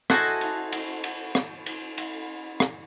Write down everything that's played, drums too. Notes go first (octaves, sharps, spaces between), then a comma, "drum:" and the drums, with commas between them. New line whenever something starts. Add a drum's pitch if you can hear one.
E4 F#4 A4 C5 D#5 G#5, drum: rim click
drum: cymbal
drum: cymbal
drum: cymbal
drum: rim click
drum: cymbal
drum: cymbal
drum: rim click